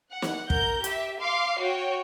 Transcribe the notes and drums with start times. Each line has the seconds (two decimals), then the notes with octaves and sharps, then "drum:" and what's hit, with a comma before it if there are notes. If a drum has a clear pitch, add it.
0.11 F#5
0.22 drum: snare
0.50 A#4 G6, drum: kick
0.84 G4 E5, drum: hi-hat
1.21 F5 C6 D6 C7
1.60 F#4 C#5 G5